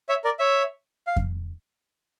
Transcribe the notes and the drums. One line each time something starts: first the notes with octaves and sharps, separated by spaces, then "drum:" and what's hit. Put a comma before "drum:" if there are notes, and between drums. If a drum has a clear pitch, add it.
C#5 E5
A#4 D5
C#5 E5
F5
drum: kick F2